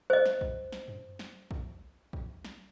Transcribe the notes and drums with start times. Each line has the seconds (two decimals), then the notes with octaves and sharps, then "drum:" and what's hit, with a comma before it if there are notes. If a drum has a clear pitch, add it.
0.10 C5 D#5
0.26 drum: snare
0.41 drum: kick
0.72 drum: snare
0.88 drum: tom F#2
1.19 drum: snare
1.51 drum: kick
2.13 drum: kick
2.45 drum: snare